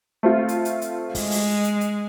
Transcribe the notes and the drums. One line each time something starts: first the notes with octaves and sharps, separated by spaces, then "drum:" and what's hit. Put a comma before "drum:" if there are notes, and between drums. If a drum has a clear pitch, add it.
A3 C4 F4
drum: hi-hat
drum: hi-hat
drum: hi-hat
G#3, drum: kick, open hi-hat
drum: open hi-hat
drum: hi-hat
drum: hi-hat